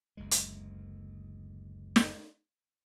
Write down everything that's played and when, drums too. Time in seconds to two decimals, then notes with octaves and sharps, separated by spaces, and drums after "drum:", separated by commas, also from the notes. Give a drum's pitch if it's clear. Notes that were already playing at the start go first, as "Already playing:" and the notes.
0.17 F#1 D2 G#3
0.31 drum: hi-hat
1.96 drum: snare